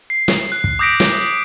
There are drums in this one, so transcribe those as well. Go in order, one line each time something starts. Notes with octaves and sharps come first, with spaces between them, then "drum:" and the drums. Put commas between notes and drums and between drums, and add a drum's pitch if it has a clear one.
C7
drum: snare
F#6
drum: kick
D6 D#6 G6 A#6 B6 D7
drum: snare